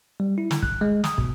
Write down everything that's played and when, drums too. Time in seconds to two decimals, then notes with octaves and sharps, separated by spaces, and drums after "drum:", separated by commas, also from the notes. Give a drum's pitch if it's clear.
0.20 G3
0.38 E4
0.51 D3, drum: snare
0.63 F#6, drum: kick
0.81 G#3
1.04 D#6, drum: snare
1.18 B2, drum: kick